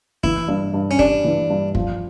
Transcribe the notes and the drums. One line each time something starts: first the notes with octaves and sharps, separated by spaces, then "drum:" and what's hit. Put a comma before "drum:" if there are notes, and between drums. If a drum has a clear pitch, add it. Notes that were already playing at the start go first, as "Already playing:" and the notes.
E3 E4, drum: kick
G2
G2
C#4
G3 D4, drum: kick
E3
G2
F3, drum: kick